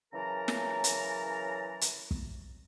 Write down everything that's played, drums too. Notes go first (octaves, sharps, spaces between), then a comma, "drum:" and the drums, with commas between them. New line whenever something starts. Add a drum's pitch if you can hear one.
C#3 E3 F#3 A#4 A5 A#5
drum: snare
drum: hi-hat
drum: hi-hat
drum: kick